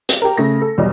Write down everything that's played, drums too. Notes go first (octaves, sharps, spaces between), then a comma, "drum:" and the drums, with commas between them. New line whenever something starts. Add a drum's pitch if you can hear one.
drum: hi-hat
G4 A#4
C#3 A3 A#6
A4
B1 E2 G3